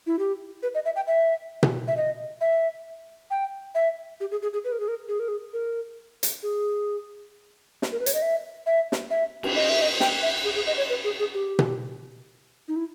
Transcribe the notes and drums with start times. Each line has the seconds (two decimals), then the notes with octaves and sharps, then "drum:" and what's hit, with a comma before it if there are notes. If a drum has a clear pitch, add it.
0.07 E4
0.19 G4
0.63 B4
0.75 D#5
0.85 E5
0.96 G5
1.07 E5
1.63 drum: tom B2
1.88 E5
1.97 D#5
2.41 E5
3.31 G5
3.75 E5
4.20 G4
4.31 G#4
4.43 G#4
4.53 G#4
4.65 B4
4.72 A#4
4.80 G#4
4.88 A#4
5.09 G#4
5.20 A#4
5.28 G#4
5.53 A#4
6.23 drum: hi-hat
6.43 G#4
7.82 drum: snare
7.92 A#4
8.00 B4
8.06 C#5, drum: hi-hat
8.14 D#5
8.22 E5
8.66 E5
8.92 drum: snare
9.10 E5
9.43 drum: cymbal
9.56 D#5
9.69 E5
9.82 D#5
10.00 G5, drum: snare
10.22 E5
10.44 G#4
10.55 G#4
10.67 D#5
10.77 C#5
10.90 B4
11.04 G#4
11.19 G#4
11.34 G4
11.59 drum: tom B2
12.68 D#4
12.76 E4